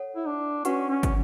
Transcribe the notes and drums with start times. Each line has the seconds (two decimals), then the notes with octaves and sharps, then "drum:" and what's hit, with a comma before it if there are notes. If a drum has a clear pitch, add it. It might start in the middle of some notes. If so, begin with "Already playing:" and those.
Already playing: A4 C#5 F#5
0.16 E4
0.26 D4
0.65 C#4 F#4 B4 F#5 C#6, drum: hi-hat
0.90 C#4
1.03 drum: kick, hi-hat